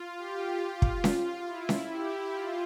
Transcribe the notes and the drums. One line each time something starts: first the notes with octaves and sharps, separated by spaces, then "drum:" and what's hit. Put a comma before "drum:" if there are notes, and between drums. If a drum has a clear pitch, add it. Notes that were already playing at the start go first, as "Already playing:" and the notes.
Already playing: F4
G4
F4
drum: kick
F4, drum: snare C#4
E4
drum: snare C#4
G4
F4